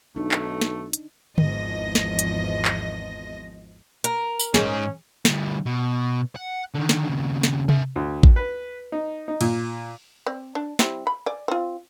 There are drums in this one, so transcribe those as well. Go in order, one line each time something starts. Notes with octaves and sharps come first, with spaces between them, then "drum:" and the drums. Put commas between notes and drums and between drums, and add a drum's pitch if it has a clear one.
B1 A3 D4 D#4
drum: clap
drum: snare
drum: hi-hat
G#1 E2 F3 D#5 A#6, drum: tom D3
drum: snare
drum: hi-hat
drum: clap
A#4, drum: hi-hat
drum: tambourine
G#2 C#4 D#4 G#4, drum: snare
D2 G3, drum: snare
B2
F#5
D3 D#3
drum: snare
D#2 C#3
drum: snare
A#4 E5, drum: tom C3
D2
drum: kick A1
B4
D#4
D#4
A#2, drum: cymbal
C4 D5
D4
G3 C4 E4, drum: snare
B5
D5 G#5
C4 F4